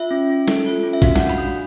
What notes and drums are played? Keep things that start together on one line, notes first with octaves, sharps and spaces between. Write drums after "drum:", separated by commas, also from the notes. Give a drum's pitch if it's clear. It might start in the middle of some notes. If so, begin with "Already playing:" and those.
Already playing: F4 E5
C#4
C#4
A4, drum: snare
F4
C#4
E5
F#4 F5, drum: kick A#1, open hi-hat
D4 F#5, drum: snare
B5, drum: hi-hat
D4